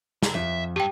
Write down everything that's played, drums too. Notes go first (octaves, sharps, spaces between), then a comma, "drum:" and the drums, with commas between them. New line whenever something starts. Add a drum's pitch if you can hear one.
F#2, drum: snare
F2 E5
G2 G4 G5